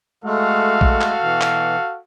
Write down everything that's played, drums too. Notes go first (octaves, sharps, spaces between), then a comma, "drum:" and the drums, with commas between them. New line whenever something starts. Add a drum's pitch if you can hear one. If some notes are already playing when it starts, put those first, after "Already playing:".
G#3 A3 F#4 A4 F5
drum: kick
drum: clap
B2 E3
drum: clap